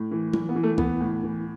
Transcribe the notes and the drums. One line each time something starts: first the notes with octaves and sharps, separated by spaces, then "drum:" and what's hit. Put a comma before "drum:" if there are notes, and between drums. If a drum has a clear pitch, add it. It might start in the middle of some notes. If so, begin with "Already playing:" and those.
Already playing: A2
E3
E3, drum: tom F#3
B3
E3
A3
E3 B3, drum: kick
A2
E3